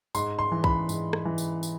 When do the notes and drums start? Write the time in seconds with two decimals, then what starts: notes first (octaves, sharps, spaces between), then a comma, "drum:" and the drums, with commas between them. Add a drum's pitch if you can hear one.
0.15 G#2 C6, drum: tambourine
0.39 C6
0.52 E3
0.64 B5, drum: kick B1
0.89 G#2, drum: tambourine
1.13 drum: rim click
1.25 E3
1.38 drum: tambourine
1.63 drum: tambourine